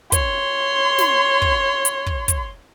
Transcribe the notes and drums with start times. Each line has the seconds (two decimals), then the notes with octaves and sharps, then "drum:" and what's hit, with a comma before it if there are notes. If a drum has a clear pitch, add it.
0.12 C#5 C6, drum: kick, hi-hat
0.98 drum: snare
1.42 drum: kick
1.85 drum: hi-hat
2.06 drum: kick
2.28 drum: kick, hi-hat